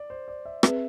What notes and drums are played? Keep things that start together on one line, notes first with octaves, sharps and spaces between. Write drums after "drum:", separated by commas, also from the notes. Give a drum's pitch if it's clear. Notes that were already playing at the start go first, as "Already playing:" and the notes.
Already playing: D5
C5
D5
E5
C4 G#4 B4 E5, drum: rim click